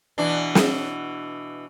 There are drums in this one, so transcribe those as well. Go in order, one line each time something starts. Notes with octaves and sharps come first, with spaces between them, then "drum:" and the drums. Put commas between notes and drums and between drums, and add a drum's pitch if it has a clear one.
B2 E3 D4
drum: snare